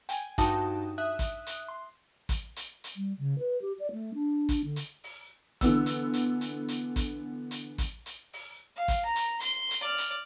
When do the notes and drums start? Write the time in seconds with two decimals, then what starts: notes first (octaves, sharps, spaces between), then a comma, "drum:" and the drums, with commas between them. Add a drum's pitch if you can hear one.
0.09 G5 G#5, drum: hi-hat
0.38 G2 D#4 F#4 G5 A5 D#6, drum: kick, hi-hat
0.98 E5 D#6 F#6
1.19 drum: kick, hi-hat
1.47 drum: hi-hat
1.69 C6
2.29 drum: kick, hi-hat
2.56 drum: hi-hat
2.84 drum: hi-hat
2.96 G3
3.18 C#3
3.39 B4
3.62 G4
3.80 D5
3.92 A3
4.14 D4
4.49 drum: kick, hi-hat
4.64 D3
4.76 drum: hi-hat
5.04 drum: open hi-hat
5.61 D3 E3 B3 E6, drum: kick, hi-hat
5.86 drum: hi-hat
6.14 drum: hi-hat
6.41 drum: hi-hat
6.68 drum: hi-hat
6.96 drum: kick, hi-hat
7.51 drum: hi-hat
7.78 drum: kick, hi-hat
8.06 drum: hi-hat
8.33 drum: open hi-hat
8.76 F5
8.88 drum: kick, hi-hat
9.05 A#5
9.16 drum: hi-hat
9.40 C6, drum: hi-hat
9.71 drum: hi-hat
9.81 D5 F6
9.98 drum: hi-hat